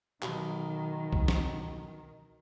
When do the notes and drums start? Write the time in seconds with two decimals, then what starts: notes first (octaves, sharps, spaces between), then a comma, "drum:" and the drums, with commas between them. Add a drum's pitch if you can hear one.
0.22 B1 D#3, drum: clap
1.13 drum: kick
1.28 drum: snare